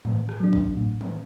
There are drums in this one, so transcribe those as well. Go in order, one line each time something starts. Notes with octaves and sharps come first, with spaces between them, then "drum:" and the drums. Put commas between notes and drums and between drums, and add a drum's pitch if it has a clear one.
A2, drum: tom D#3
drum: rim click
F#3 D4
drum: kick
A2
drum: tom D#3